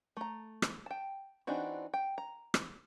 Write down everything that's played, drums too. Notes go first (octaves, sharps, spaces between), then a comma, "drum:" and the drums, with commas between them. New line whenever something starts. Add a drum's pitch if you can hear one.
A3 A#5
drum: rim click
G5 A5
E3 C4 D4 D#4 F#4
G5
A#5
drum: rim click